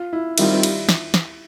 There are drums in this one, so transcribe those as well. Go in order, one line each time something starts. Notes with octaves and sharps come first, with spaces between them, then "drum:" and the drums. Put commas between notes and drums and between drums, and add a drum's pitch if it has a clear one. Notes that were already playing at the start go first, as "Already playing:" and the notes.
Already playing: F4
E4
D#3 G3 C4 E4 F4, drum: cymbal
drum: cymbal
drum: snare
drum: snare